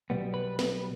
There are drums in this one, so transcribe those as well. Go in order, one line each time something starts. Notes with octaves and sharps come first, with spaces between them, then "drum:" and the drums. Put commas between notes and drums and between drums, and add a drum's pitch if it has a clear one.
B1 B2 G3 B3
B4
B4, drum: snare